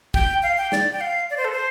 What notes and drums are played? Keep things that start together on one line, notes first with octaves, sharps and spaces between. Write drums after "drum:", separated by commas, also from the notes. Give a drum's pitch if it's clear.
G5, drum: kick
F5
G5
D5, drum: snare
G5
F5
D5
C5
A4
C5